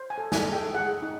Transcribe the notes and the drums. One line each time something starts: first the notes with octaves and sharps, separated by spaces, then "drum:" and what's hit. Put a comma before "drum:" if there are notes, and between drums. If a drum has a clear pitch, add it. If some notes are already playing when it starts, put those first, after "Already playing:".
Already playing: C5
G#5
A4
G#5, drum: snare
A4
G5
G#4 F#5
D#4